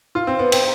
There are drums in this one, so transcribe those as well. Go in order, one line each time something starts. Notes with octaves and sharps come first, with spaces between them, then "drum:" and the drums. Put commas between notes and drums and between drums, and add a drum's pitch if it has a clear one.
F4
C4
B3
C4, drum: cymbal